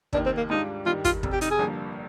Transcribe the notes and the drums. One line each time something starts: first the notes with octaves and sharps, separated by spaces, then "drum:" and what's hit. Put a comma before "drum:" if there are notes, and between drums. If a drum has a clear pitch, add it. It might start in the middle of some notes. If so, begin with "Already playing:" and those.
F1 D#2 D#3 D4, drum: kick
C4
A#3
G#2 G3 D4 D#4 F4
G2 D#3 G3 F4
F4, drum: kick, hi-hat
F1 F2 C3, drum: kick
G4
D#4, drum: hi-hat
G#4
G1 G2 F3 A#3